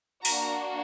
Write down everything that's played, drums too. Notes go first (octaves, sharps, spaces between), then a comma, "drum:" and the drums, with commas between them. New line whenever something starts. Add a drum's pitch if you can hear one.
A#3 D4 F#4 A#5, drum: open hi-hat